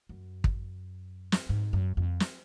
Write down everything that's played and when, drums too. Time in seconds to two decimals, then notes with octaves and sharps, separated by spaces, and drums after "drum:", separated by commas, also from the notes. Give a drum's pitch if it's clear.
0.09 F#2
0.44 drum: kick
1.32 drum: snare
1.49 G#2
1.73 F#2
1.97 F2
2.20 drum: snare